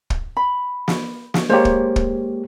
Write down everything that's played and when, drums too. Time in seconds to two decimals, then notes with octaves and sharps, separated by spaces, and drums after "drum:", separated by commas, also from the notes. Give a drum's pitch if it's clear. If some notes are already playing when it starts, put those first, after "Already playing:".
0.10 drum: kick
0.37 B5
0.88 drum: snare
1.34 drum: snare
1.50 G#3 A#3 G4 C5 C#5
1.65 drum: kick
1.96 drum: kick